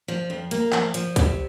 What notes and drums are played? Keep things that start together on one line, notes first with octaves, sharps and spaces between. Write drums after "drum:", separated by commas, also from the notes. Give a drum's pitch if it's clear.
F3
F2
A#3, drum: hi-hat
F3, drum: clap
F3, drum: hi-hat
C3, drum: kick, hi-hat